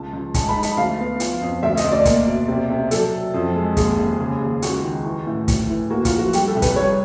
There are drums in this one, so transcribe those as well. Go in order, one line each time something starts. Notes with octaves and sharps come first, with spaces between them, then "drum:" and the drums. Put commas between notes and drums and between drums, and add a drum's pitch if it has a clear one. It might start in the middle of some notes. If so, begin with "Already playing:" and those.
Already playing: C#2 A5
C#2
G#3 A5, drum: kick, hi-hat
B5
D#4
B5, drum: hi-hat
D2 F5
B3
F3, drum: hi-hat
F2
D2 E5
D#5, drum: hi-hat
D2
D5
A#3, drum: kick, hi-hat
B2
C3
C3
F#3 A4, drum: hi-hat
F#3
F2
G#3
D#2 G#4, drum: kick, hi-hat
D#2
C#3
D#2
C#2 F#4, drum: hi-hat
D#3
E3
A2
D2, drum: kick, hi-hat
E3
A#3 F#4
F4, drum: kick, hi-hat
F3
F#4
G3 G4, drum: hi-hat
A4
C2
B4, drum: kick, hi-hat
G3 C#5